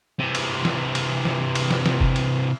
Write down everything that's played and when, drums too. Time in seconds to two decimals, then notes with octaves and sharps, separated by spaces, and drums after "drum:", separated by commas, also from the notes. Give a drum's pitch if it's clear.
0.20 C3 E3
0.35 drum: cymbal
0.65 drum: snare
0.95 drum: cymbal
1.25 drum: snare
1.55 drum: cymbal
1.71 drum: snare
1.86 drum: snare
2.01 drum: kick F#1
2.16 drum: cymbal